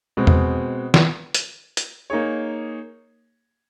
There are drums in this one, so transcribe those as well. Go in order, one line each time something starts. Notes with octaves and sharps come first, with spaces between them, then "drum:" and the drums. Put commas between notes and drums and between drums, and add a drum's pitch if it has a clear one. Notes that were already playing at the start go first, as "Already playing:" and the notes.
B2 G#3 C4
drum: tom E2
drum: snare
drum: hi-hat
drum: hi-hat
A#3 D#4 G#4 C#5